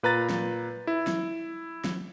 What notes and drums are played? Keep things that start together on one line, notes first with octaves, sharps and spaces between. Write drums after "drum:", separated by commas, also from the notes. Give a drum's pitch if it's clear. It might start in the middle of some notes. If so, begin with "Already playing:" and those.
A#2 B4 A#5 A6
drum: snare
E4
drum: snare
drum: snare